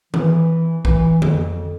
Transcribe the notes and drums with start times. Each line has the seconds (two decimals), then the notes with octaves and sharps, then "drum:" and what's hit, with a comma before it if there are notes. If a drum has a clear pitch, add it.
0.14 E3, drum: tom D#3
0.85 E3, drum: kick
1.22 F2, drum: tom D3